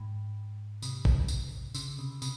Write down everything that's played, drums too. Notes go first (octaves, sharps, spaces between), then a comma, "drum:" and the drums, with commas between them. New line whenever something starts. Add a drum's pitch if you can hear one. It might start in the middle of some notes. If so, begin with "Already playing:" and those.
Already playing: G#2
C3, drum: tambourine
drum: kick A1
drum: tambourine
C#3, drum: tambourine
C3
C3, drum: tambourine